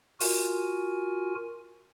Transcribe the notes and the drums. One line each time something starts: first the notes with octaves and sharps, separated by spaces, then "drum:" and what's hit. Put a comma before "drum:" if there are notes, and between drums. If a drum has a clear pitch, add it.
F4 F#4 A#4 G#5, drum: open hi-hat